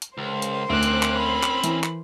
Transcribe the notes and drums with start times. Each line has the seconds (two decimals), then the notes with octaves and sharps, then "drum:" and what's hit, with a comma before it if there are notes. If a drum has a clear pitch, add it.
0.02 drum: hi-hat
0.18 C#2 A#4 C5 C6
0.42 drum: hi-hat
0.69 D2 C4 C#4 D6 F#6
0.83 drum: hi-hat
1.03 drum: clap
1.18 B5
1.43 drum: clap
1.64 E3, drum: hi-hat
1.84 drum: clap